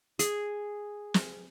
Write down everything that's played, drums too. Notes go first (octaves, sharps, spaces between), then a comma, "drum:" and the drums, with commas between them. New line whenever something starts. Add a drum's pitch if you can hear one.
G#4, drum: hi-hat
drum: snare